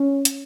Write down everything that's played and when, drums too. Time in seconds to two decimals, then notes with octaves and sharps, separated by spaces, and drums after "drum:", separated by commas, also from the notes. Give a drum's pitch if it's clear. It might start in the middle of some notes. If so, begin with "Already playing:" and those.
Already playing: C#4
0.25 drum: hi-hat